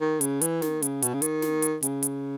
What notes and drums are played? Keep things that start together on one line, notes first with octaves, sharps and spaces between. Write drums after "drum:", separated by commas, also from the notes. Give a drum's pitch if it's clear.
D#3
C#3, drum: hi-hat
E3, drum: hi-hat
D#3, drum: snare
C#3, drum: hi-hat
B2, drum: hi-hat
C#3
D#3, drum: hi-hat
drum: snare
drum: hi-hat
C#3, drum: hi-hat
drum: hi-hat